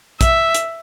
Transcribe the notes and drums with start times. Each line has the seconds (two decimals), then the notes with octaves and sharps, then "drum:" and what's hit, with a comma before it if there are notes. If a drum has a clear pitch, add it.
0.21 E5, drum: kick, hi-hat
0.54 drum: hi-hat